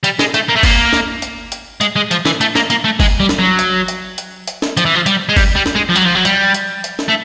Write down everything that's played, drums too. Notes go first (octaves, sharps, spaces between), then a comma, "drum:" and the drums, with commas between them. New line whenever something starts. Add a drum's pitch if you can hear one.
G3, drum: hi-hat
G#3, drum: snare
A3, drum: hi-hat
A#3
A3
A#3, drum: kick G1, open hi-hat
drum: snare
drum: hi-hat
drum: hi-hat
G#3, drum: hi-hat
G#3
F3, drum: hi-hat
E3, drum: snare
A3, drum: hi-hat
A#3, drum: snare
A#3, drum: hi-hat
A3
G#3, drum: kick G1, open hi-hat
G3
drum: snare
F#3
drum: hi-hat
drum: hi-hat
drum: hi-hat
drum: hi-hat
drum: snare
F3, drum: hi-hat
E3
F3
G3, drum: hi-hat
G#3
G3, drum: kick G1, open hi-hat
G3
drum: snare
G#3
F3
F#3, drum: hi-hat
F3
F#3
G3, drum: hi-hat
drum: hi-hat
drum: hi-hat
drum: snare
A3